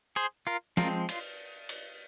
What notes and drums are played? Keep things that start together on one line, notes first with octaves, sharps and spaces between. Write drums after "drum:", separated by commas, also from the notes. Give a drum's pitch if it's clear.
G#4 C5
F4 A#4
F3 G#3 C4 F4 A#4, drum: snare
F4, drum: cymbal
drum: cymbal